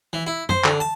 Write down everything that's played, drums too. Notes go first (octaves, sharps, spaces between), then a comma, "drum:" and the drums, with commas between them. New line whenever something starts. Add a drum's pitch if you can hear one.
E3
E4
C5, drum: tom F#2
D3, drum: clap
A5